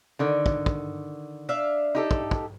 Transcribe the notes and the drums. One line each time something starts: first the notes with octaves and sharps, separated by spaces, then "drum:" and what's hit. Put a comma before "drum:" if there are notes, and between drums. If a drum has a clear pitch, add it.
D3 D#3
drum: kick
drum: kick
D4 E5 F5
D#4 G4 A4
drum: kick
drum: kick